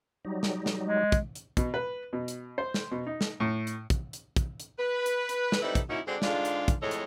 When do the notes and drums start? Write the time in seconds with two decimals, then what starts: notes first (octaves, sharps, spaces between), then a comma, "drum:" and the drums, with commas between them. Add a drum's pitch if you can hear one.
0.25 F#3 G3 D#4
0.43 drum: snare
0.66 drum: snare
0.85 G#3
1.12 drum: kick, hi-hat
1.35 drum: hi-hat
1.57 B2, drum: kick, hi-hat
1.74 B4
2.13 B2
2.28 drum: hi-hat
2.58 C5
2.74 drum: snare
2.91 B2
3.06 D#4
3.21 drum: snare
3.40 A2
3.67 drum: hi-hat
3.90 drum: kick, hi-hat
4.13 drum: hi-hat
4.36 drum: kick, hi-hat
4.60 drum: hi-hat
4.77 B4
5.06 drum: hi-hat
5.29 drum: hi-hat
5.52 drum: snare
5.62 G3 C4 D#4 E4 A4 B4
5.75 drum: kick, hi-hat
5.88 A#2 A#3 C#4 D#4 E4 F#4
6.06 D3 G#3 C4 D4 F#4
6.22 G#2 D3 G#3 D4 F4, drum: snare
6.45 drum: hi-hat
6.68 drum: kick, hi-hat
6.80 F2 A2 G#3 A4 C#5 D#5
6.91 drum: hi-hat